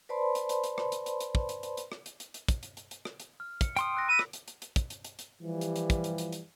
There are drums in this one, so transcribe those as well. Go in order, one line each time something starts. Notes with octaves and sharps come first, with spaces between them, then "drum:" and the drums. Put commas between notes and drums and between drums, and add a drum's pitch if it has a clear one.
B4 C5 D5 A5 B5 C6
drum: hi-hat
drum: hi-hat
drum: hi-hat
drum: rim click
drum: hi-hat
drum: hi-hat
drum: hi-hat
drum: kick
drum: hi-hat
drum: hi-hat
drum: hi-hat
drum: rim click
drum: hi-hat
drum: hi-hat
drum: hi-hat
drum: kick, hi-hat
drum: hi-hat
drum: hi-hat
drum: hi-hat
drum: rim click
drum: hi-hat
F6
C#7, drum: kick, hi-hat
G5 C6 D#6, drum: hi-hat
E6 F#6 A#6
B5 E6 B6 D#7
drum: rim click
drum: hi-hat
drum: hi-hat
drum: hi-hat
drum: kick, hi-hat
drum: hi-hat
drum: hi-hat
drum: hi-hat
E3 F3 G3
drum: hi-hat
drum: hi-hat
drum: kick, hi-hat
drum: hi-hat
drum: hi-hat
drum: hi-hat